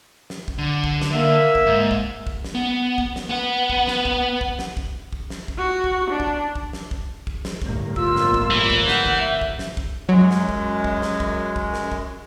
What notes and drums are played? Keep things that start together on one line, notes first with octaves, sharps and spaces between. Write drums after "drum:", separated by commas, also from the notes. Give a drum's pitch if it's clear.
drum: snare
drum: kick
D3
drum: kick
drum: snare
A#3 E5
drum: kick
G#2
drum: kick
drum: kick
drum: snare
B3
drum: kick
drum: snare
B3 F#5
drum: kick
drum: snare
drum: kick
drum: kick
drum: snare
drum: kick
drum: kick
drum: snare
drum: kick
F#4
drum: kick
D4
drum: kick
drum: kick
drum: snare
drum: kick
drum: kick
drum: snare
G1 A2 A#3, drum: kick
F4 E6, drum: kick
drum: snare
drum: kick
E3
drum: kick
F#5 G6, drum: snare
drum: kick
E5
drum: kick
drum: snare
drum: kick
F#2 F#3 G#3
drum: snare
drum: kick
drum: kick
drum: snare
drum: kick
drum: kick
drum: snare
drum: kick